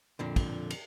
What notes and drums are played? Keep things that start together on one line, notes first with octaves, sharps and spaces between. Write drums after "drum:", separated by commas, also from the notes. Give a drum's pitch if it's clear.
F2 A#2 D3
drum: kick, cymbal
drum: cymbal